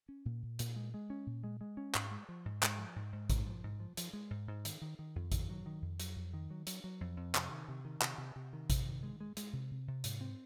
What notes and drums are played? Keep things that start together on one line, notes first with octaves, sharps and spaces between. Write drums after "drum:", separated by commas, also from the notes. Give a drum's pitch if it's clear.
C#4
A#2
A#2
A#2, drum: hi-hat
G#3
G#3
C#4
A#2
G#3
G#3
C#4
G#2, drum: clap
G#3
F3
G#2
G#2, drum: clap
F3
G#2
G#2
G#2, drum: kick A1, hi-hat
F3
G#2
F3
F3, drum: hi-hat
G#3
G#2
G#2
D#3, drum: hi-hat
D#3
D#3
F2
D#3, drum: kick A1, hi-hat
F#3
D#3
F2
F#3, drum: hi-hat
F2
D#3
F#3
F#3, drum: hi-hat
F#3
F2
F2
C3, drum: clap
D#3
C3
D#3
C3, drum: clap
C3
C3
D#3
C3, drum: kick A1, hi-hat
D#3
G#3
G#3
G#3, drum: hi-hat
C3
C3
C3
G#2, drum: hi-hat
C4